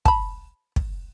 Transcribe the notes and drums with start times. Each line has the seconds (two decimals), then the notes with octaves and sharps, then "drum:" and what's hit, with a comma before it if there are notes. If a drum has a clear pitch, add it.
0.05 A5 B5, drum: kick
0.76 drum: kick